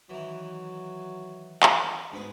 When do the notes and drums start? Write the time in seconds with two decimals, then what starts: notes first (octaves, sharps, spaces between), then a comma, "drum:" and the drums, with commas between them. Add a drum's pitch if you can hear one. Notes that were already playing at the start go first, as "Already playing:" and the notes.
0.09 D#3 E3 F#3
1.63 drum: clap
2.12 D2 G#2 B3 G#4